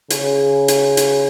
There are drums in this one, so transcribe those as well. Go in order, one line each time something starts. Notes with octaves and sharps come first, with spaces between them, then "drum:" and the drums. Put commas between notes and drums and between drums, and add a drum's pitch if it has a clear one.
C#3, drum: hi-hat
drum: hi-hat
drum: hi-hat